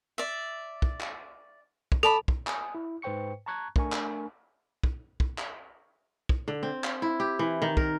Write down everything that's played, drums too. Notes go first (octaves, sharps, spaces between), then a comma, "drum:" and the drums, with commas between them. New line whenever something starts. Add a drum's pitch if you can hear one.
D5 E5
drum: kick
drum: clap
drum: kick
A4 D5 A5 B5
drum: kick
G#5 D#6, drum: clap
E4
G#2 B4 C5 G5 C#6 C#7
A5 A#5 C#6 F#6 G#6
A3 D4 A#4 G#5 C#6, drum: kick
drum: clap
drum: kick
drum: kick
drum: clap
drum: kick
D3
C4
drum: clap
E4
G4
E3
D#3
A#4, drum: kick